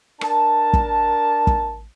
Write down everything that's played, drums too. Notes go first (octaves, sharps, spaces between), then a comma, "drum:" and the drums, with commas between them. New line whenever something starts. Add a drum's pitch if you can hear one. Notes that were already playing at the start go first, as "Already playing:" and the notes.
D4 A#4 A5, drum: rim click
drum: kick
drum: kick